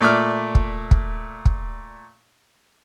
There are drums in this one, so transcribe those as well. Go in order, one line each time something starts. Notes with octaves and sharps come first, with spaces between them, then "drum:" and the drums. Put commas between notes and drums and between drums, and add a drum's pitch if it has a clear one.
A#2 A3 D5 E5 F6
drum: kick
drum: kick
drum: kick